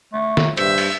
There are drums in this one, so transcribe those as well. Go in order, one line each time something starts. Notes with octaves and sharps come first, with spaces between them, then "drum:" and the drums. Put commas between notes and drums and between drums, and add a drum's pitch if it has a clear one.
A3
drum: snare D#3
G2 C5 E5, drum: hi-hat
drum: open hi-hat